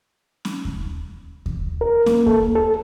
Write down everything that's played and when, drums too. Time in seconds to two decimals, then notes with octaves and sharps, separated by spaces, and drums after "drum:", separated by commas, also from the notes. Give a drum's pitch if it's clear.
0.45 drum: snare C#4
0.65 drum: kick D#2
1.46 drum: kick D#2
1.81 A#4
2.06 A#3, drum: snare C#4
2.27 A4, drum: kick D#2
2.56 A4